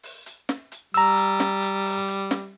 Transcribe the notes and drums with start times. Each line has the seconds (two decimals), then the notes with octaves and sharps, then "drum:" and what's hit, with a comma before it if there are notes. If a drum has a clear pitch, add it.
0.03 drum: open hi-hat
0.26 drum: hi-hat
0.49 drum: snare
0.72 drum: hi-hat
0.94 G3 A#5 E6, drum: hi-hat
1.17 drum: hi-hat
1.40 drum: snare
1.63 drum: hi-hat
1.85 drum: open hi-hat
2.08 drum: hi-hat
2.31 drum: snare